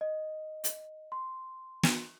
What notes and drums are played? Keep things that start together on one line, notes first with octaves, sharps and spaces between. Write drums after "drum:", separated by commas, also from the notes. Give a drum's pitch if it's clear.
D#5
drum: hi-hat
C6
drum: snare